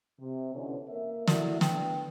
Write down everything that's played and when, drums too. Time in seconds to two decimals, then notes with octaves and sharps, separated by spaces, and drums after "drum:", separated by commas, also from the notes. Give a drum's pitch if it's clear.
0.20 C3
0.54 B2 D3 E3 C#4
0.88 A#3 A#4 E5
1.27 A3 E4 F#4 D5 E5, drum: snare
1.61 B3 D4 G5, drum: snare